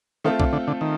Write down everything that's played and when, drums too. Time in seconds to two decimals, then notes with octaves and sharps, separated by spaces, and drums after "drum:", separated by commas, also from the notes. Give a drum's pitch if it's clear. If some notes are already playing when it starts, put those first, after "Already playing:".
0.24 D#3 A3 C4 F4 A4
0.40 D3, drum: kick B1
0.53 D3
0.68 D3
0.81 D#3